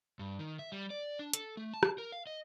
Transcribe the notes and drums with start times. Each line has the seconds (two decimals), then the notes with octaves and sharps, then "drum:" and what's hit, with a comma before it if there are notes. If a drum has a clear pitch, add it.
0.19 G2
0.39 D#3
0.59 E5
0.72 G3
0.90 D5
1.19 D4
1.33 A4, drum: hi-hat
1.57 A3
1.74 A5
1.83 drum: rim click
1.98 A#4
2.12 F5
2.27 D#5